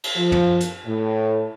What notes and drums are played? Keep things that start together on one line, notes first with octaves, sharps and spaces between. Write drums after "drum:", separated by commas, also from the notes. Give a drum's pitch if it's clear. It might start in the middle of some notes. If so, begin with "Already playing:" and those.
drum: cymbal
F3
drum: tom
drum: hi-hat
A2